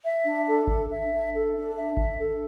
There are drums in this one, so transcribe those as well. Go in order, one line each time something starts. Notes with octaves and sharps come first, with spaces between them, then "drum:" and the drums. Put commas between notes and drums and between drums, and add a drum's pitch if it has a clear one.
E5
D4
A4
D4, drum: kick G#1
E5
D4
A4
D4
E5
D4, drum: kick G#1
A4